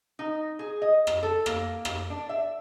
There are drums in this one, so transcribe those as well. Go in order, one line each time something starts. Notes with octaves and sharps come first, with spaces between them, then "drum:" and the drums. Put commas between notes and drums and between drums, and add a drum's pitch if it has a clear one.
D#4
G#4
D#5
drum: rim click
A4
A#3, drum: rim click
drum: rim click
D4
E5